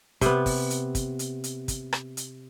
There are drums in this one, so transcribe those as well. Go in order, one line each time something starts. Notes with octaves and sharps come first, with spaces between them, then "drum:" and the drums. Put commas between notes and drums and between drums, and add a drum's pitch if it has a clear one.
C3 B3, drum: kick, hi-hat
drum: kick, open hi-hat
drum: hi-hat
drum: kick, hi-hat
drum: hi-hat
drum: hi-hat
drum: kick, hi-hat
drum: rim click
drum: hi-hat